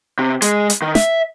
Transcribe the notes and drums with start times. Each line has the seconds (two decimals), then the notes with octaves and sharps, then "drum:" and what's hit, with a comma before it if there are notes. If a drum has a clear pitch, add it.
0.19 C3
0.42 G#3, drum: hi-hat
0.70 drum: hi-hat
0.82 D#3
0.95 E5, drum: snare